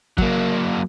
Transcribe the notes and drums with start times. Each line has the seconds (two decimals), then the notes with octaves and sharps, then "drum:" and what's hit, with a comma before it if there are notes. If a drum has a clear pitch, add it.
0.18 F#3 A#3, drum: kick